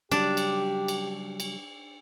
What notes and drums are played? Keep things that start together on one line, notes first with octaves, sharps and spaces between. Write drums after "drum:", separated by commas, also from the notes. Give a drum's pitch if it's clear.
C#3 F#3 G3 D4 G4, drum: cymbal
drum: cymbal
drum: cymbal
drum: cymbal